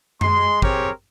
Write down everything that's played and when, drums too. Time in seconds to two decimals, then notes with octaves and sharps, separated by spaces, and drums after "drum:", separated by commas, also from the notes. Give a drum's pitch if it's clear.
0.21 G#3 C6, drum: tom F#2
0.62 C4 G4 G#4 A#4 C#5, drum: kick